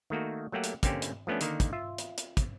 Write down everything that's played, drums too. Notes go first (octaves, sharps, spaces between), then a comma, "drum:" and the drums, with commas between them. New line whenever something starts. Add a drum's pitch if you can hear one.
D#3 A3 A#3 F#4
F#3 A3 A#3 G4 F#5
drum: hi-hat
D3 A#3 C4 C#4 G4, drum: kick, hi-hat
drum: hi-hat
F3 A3 B3 C#4 D4
D3 D#3 A#3, drum: hi-hat
drum: kick, hi-hat
F4 E5
drum: hi-hat
drum: hi-hat
drum: kick, hi-hat